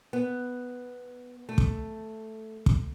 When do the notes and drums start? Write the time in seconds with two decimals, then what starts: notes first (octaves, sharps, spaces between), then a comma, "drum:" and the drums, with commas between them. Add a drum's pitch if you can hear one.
0.13 B3
1.49 A3
1.58 drum: kick
2.66 drum: kick